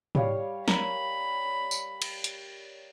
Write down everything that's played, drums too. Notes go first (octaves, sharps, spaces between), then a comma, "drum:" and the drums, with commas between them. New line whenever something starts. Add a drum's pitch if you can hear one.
G3 C#5 F5, drum: tom
A#4 B5, drum: snare
drum: tambourine
drum: cymbal
drum: hi-hat